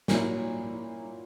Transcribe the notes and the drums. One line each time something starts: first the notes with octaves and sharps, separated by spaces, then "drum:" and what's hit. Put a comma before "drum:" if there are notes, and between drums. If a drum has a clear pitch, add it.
A#2 F#3 A#3 C#4 E4, drum: snare